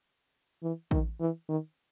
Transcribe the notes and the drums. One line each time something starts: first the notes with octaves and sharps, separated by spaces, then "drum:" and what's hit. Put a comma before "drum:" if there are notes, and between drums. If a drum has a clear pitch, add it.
E3
D#3, drum: kick
E3
D#3